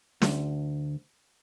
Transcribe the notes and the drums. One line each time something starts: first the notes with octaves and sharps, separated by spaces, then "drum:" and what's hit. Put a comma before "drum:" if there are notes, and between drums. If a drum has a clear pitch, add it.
D2, drum: snare